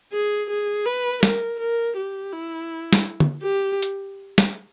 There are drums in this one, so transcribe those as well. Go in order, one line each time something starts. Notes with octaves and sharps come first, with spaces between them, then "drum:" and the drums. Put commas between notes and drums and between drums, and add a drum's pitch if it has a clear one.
G#4
G#4
B4
A#4, drum: snare
A#4
G4
E4
drum: snare
drum: tom D3
G4
drum: hi-hat
drum: snare